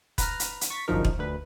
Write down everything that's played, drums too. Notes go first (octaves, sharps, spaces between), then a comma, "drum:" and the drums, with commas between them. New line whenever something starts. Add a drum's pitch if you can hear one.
B4 A#5 F6, drum: kick, hi-hat
drum: hi-hat
drum: hi-hat
C#6 A6 B6
G1 C2 F#2 F3 D#4 A#4
drum: kick
D2 B4